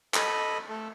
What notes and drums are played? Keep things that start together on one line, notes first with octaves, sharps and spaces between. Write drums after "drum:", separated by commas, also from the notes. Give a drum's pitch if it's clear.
A4 D#5 B5, drum: clap
A3 A4